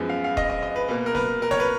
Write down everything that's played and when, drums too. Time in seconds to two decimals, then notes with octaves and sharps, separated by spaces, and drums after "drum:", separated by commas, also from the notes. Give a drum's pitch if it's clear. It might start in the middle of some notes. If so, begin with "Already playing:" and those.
Already playing: F#2 F3 G#3 B3
0.09 F5
0.24 F5
0.37 D#5, drum: kick D#1
0.50 D#5
0.63 D#5
0.76 B4
0.88 B2 A#3 B4
1.06 A#4
1.15 B4, drum: snare
1.42 A#4
1.51 C#5, drum: snare
1.60 B4